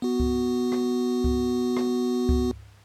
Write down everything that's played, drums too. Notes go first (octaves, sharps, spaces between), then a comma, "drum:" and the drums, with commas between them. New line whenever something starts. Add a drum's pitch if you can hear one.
B3 F#4
drum: kick C#2
drum: rim click
drum: kick C#2
drum: rim click
drum: kick C#2